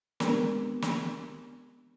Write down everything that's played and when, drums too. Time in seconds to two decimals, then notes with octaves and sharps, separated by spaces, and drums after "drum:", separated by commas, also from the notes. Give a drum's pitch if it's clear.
0.20 G#3 B3 C4 D4 G4 A#4, drum: snare
0.82 drum: snare